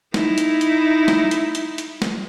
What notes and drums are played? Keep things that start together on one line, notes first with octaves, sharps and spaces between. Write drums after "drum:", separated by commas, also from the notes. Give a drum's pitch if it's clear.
D#4 E4, drum: snare
drum: hi-hat
drum: hi-hat
drum: snare
drum: hi-hat
drum: hi-hat
drum: hi-hat
drum: snare